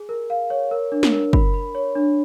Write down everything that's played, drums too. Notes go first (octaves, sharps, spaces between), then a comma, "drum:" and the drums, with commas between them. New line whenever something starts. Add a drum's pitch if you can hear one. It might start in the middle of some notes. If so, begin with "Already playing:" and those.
Already playing: G#4
A#4
F5
C#5
A#4
D4
drum: snare
A#4
B5, drum: kick
B5
C#5
D4